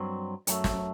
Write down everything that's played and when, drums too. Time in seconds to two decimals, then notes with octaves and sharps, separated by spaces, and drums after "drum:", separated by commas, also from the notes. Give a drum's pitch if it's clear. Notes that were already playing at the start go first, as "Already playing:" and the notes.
Already playing: G2 F#3 C4
0.47 F#2 F#3 A3, drum: hi-hat
0.64 drum: snare